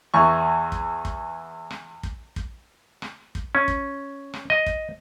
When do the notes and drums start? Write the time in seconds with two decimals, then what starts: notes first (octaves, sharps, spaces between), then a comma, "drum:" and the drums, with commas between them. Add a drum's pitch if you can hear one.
0.14 E2 E3 C#6
0.72 drum: kick
1.05 drum: kick
1.71 drum: rim click
2.03 drum: kick
2.36 drum: kick
3.02 drum: rim click
3.35 drum: kick
3.55 C#4
3.68 drum: kick
4.34 drum: rim click
4.50 D#5
4.66 drum: kick